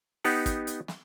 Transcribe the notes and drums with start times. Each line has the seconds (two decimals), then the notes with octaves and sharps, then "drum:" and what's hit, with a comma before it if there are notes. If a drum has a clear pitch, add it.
0.24 B3 D#4 G4 F#5, drum: open hi-hat
0.46 drum: kick, hi-hat
0.67 drum: hi-hat
0.88 drum: snare